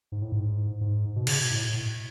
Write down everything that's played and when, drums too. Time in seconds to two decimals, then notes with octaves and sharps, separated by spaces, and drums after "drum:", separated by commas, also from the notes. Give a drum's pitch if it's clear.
0.12 G#2
0.22 A2
0.32 G#2
0.81 G#2
1.16 B2
1.27 C#3, drum: cymbal
1.39 B2
1.51 A2
1.69 A2